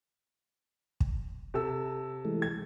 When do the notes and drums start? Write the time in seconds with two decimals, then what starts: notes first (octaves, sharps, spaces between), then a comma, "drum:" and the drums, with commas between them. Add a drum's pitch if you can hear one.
1.00 drum: kick
1.54 C3 A4 E6
2.25 E3 G#3 A3
2.42 G#6